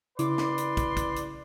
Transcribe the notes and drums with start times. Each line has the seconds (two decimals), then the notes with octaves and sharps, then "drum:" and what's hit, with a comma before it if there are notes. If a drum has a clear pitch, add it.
0.19 C#3 E4 B4 D5 C6 D6, drum: hi-hat
0.38 drum: snare
0.58 drum: hi-hat
0.77 drum: kick, hi-hat
0.97 drum: kick, hi-hat
1.16 drum: hi-hat